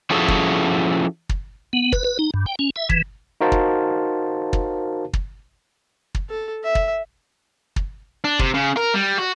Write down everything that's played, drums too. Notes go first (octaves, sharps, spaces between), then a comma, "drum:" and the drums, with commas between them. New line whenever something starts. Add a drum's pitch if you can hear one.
F3 C#4 E4 F#4 G#4 A4
drum: kick
drum: kick
B3
B4, drum: kick
B4
D#4
G2
G5
C#4
E5
E3, drum: kick
D#4 F#4 A#4 C5 F5 A5
drum: kick
drum: kick
drum: kick
drum: kick
A4
E5
drum: kick
drum: kick
D4
C3, drum: kick
C#3
A#4
G3
F#4